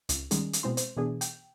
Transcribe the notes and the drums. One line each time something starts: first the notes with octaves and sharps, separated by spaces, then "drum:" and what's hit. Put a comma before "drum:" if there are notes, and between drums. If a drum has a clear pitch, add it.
C#2, drum: hi-hat
D#3 G3 G#3 C#4 G#4, drum: hi-hat
drum: hi-hat
B2 G#3 C4 E4 C6
C5, drum: hi-hat
B2 E3 B3 D4 G#4
G5, drum: hi-hat